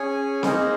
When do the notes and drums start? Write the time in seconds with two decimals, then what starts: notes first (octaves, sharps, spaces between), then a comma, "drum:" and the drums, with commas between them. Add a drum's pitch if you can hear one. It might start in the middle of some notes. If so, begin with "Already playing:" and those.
Already playing: C#4 G#4 C#5 G#5
0.43 A#3 D#4 G#4 C5 D#5, drum: snare C4